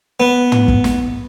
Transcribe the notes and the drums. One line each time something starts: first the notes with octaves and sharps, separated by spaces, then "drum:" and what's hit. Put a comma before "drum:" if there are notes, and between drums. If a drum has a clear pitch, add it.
B3
drum: tom
drum: kick
drum: snare